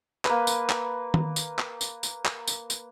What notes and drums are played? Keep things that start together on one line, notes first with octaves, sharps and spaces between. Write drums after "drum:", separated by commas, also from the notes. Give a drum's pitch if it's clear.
A#3 B4, drum: clap
drum: tambourine
drum: clap
drum: tom D#3
drum: tambourine
drum: clap
drum: tambourine
drum: tambourine
drum: clap
drum: tambourine
drum: tambourine